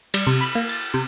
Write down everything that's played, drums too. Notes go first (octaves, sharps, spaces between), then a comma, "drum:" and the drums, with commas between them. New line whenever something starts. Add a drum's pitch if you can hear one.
G3, drum: cymbal
C3
B5
A#3
A6
C3